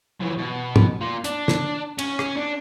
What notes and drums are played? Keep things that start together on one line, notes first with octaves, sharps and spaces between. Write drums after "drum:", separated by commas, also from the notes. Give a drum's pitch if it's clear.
E3 F#3
B2
drum: tom
A#3 F4
D4, drum: hi-hat
drum: snare
C#4, drum: cymbal
drum: rim click
D4